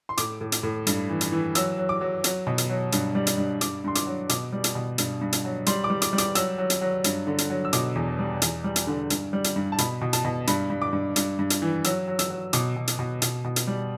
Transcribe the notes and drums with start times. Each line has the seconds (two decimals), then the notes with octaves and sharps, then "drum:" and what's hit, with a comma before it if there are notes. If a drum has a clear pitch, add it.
0.09 C6
0.17 A2 D6, drum: hi-hat
0.41 A2
0.52 drum: hi-hat
0.63 A2
0.87 G2, drum: hi-hat
1.09 E3
1.21 drum: hi-hat
1.32 E3
1.55 F#3 E6, drum: hi-hat
1.78 F#3
1.89 D6
2.01 F#3
2.24 F#3, drum: hi-hat
2.47 B2
2.58 drum: hi-hat
2.69 F#3
2.92 G2, drum: hi-hat
3.15 G3
3.27 drum: hi-hat
3.38 G2
3.61 G2 D6, drum: hi-hat
3.84 G2 C6
3.95 D6, drum: hi-hat
4.06 F#3
4.29 B2 D6, drum: hi-hat
4.53 G3
4.64 drum: hi-hat
4.75 B2
4.98 G2, drum: hi-hat
5.21 G2
5.33 drum: hi-hat
5.44 F#3
5.66 G3 C6, drum: hi-hat
5.84 D6
5.90 G3
6.02 D6, drum: hi-hat
6.13 G3
6.18 D6, drum: hi-hat
6.35 F#3 E6, drum: hi-hat
6.58 F#3
6.70 drum: hi-hat
6.81 F#3
7.04 G2, drum: hi-hat
7.27 D3
7.38 drum: hi-hat
7.50 F#3
7.65 E6
7.73 B2 D6, drum: hi-hat
7.96 E2
8.19 G3
8.42 E2, drum: hi-hat
8.64 G3
8.76 drum: hi-hat
8.87 D3
9.10 G2, drum: hi-hat
9.33 G3
9.44 drum: hi-hat
9.56 G2
9.72 A5
9.78 B2 B5, drum: hi-hat
10.01 B2
10.13 A5, drum: hi-hat
10.25 B2
10.47 G2 B5, drum: hi-hat
10.70 G2
10.82 D6
10.93 G2
11.16 G2, drum: hi-hat
11.39 G2
11.50 drum: hi-hat
11.62 E3
11.84 F#3 E6, drum: hi-hat
12.08 F#3
12.19 E6, drum: hi-hat
12.30 F#3
12.53 B2 D6, drum: hi-hat
12.76 B2
12.88 drum: hi-hat
12.99 B2
13.22 B2, drum: hi-hat
13.44 B2
13.56 drum: hi-hat
13.67 G3